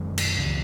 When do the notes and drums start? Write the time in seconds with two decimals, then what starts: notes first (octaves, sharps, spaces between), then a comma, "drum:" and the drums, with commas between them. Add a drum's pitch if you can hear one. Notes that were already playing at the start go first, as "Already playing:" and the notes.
Already playing: F#2 D#3 G#3
0.18 drum: cymbal
0.38 C#2 C#3 E3 G#3